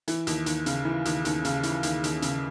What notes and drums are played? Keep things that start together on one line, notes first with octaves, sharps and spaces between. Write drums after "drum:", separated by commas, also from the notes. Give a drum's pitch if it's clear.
E3, drum: hi-hat
D#2, drum: hi-hat
D#2, drum: hi-hat
C#3, drum: hi-hat
E3
D#2, drum: hi-hat
D#2, drum: hi-hat
C#3, drum: hi-hat
E3, drum: hi-hat
D#2, drum: hi-hat
D#2, drum: hi-hat
C#3, drum: hi-hat